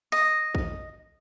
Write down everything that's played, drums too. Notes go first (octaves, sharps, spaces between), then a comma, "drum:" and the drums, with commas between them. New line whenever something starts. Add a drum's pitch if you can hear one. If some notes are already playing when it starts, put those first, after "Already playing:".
D#5
drum: kick